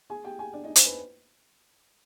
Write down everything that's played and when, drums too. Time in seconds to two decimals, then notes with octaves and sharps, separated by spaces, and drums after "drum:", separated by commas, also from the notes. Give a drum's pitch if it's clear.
0.10 G#4 G#5
0.24 G4 G5
0.39 G#4 G#5
0.53 D4 D5
0.64 D#4 D#5
0.76 C5, drum: hi-hat
0.86 B4